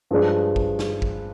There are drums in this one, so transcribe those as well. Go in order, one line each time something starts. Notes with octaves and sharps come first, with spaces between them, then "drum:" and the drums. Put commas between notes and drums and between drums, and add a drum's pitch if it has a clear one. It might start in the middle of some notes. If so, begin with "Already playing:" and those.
G2 F3 G#3 D4
drum: kick G#1
drum: snare
drum: kick G#1